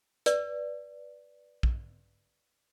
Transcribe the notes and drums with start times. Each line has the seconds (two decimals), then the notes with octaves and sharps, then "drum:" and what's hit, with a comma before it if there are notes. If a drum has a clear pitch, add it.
0.26 B4 D5, drum: hi-hat
1.63 drum: kick A#1